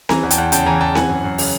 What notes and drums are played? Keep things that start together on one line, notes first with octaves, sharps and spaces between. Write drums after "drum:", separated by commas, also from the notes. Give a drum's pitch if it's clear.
E3 G#5 A#5, drum: snare C4
E2
G5 A5, drum: hi-hat
E2
C#3 G5 A5, drum: hi-hat
E3 G#5 A#5
E2 G5 A5
E3 F#5 G#5, drum: snare C4
F#2
F#2
C#3, drum: open hi-hat